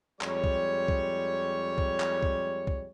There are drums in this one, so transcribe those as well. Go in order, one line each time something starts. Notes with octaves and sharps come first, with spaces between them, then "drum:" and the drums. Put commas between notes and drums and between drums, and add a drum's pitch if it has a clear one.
F2 G3 G#3 C#5, drum: clap
drum: kick C2
drum: kick C2
drum: kick C2
drum: clap
drum: kick C2
drum: kick C2